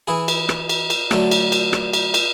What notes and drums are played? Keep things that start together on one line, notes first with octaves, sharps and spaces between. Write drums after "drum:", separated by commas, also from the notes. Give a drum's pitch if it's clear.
E3 E4 G#4
drum: cymbal
drum: rim click
drum: cymbal
drum: cymbal
D3 F#3 A3, drum: rim click
drum: cymbal
drum: cymbal
drum: rim click
drum: cymbal
drum: cymbal